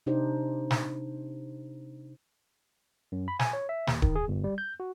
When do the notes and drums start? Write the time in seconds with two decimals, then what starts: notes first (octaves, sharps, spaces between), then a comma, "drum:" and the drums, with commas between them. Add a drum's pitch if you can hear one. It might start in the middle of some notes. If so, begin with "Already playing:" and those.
0.06 C3 D4 D#4 G4 C5
0.70 drum: snare
3.12 F#2
3.28 B5
3.39 G#5, drum: snare
3.53 C#5
3.69 E5
3.87 D#2, drum: snare
4.02 D#3, drum: kick D1
4.16 G#4
4.28 G1
4.44 G3
4.58 G6
4.80 F#4